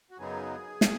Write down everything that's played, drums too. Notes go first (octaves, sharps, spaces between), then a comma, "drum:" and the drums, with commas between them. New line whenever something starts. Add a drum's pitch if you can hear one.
F#4
F#2 C#3 F#3 B3 D#4 G#4
drum: snare